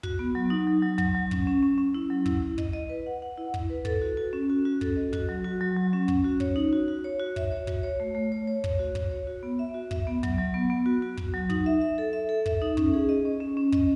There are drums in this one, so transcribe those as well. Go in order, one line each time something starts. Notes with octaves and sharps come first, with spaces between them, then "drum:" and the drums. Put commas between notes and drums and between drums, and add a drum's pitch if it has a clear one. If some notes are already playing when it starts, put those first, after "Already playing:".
F#4, drum: kick
B3
F#3
D#4
F#3
F#3
F#3, drum: kick
F#3
C#4, drum: kick
C#4
C#4
C#4
E4
F#3
E4, drum: kick
E4
D#5, drum: kick
D#5
B4
F#5
F#5
E4
E4, drum: kick
B4
A4, drum: kick
F#4
F#4
C#4
F#4
F#4
A4, drum: kick
D#5
F#4, drum: kick
F#3
F#4
F#3
F#3
C#4
C#4, drum: kick
F#4
C#5, drum: kick
D#4
F#4
F#4
C#5
F#4
E5, drum: kick
C#5
F#4, drum: kick
C#5
A3
A3
C#5
C#5
C#5, drum: kick
F#4
F#4, drum: kick
C#5
F#4
B3
E5
F#4
E5, drum: kick
B3
F#3, drum: kick
F#3
B3
B3
F#4
F#4
F#4, drum: kick
F#3
D#4, drum: kick
E5
E5
A4
E5
A4
E5, drum: kick
D#4
C#4, drum: kick
G#4
D#5
C#4
C#4
C#4
D#5, drum: kick